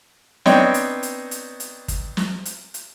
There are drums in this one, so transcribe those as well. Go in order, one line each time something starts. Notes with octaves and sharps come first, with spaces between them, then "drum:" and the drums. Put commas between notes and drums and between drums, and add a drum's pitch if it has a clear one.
B3 C4 D4 D#4 C#5 G5, drum: snare
drum: hi-hat
drum: hi-hat
drum: hi-hat
drum: hi-hat
drum: kick, hi-hat
drum: snare
drum: hi-hat
drum: hi-hat